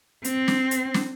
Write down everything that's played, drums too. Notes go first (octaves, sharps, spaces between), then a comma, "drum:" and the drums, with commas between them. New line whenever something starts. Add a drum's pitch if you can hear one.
C4, drum: hi-hat
drum: snare
drum: hi-hat
drum: snare